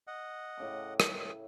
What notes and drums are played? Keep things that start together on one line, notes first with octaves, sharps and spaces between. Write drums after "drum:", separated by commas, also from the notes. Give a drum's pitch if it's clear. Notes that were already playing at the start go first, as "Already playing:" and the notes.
D#5 F#5
A2 C#3 D6
drum: rim click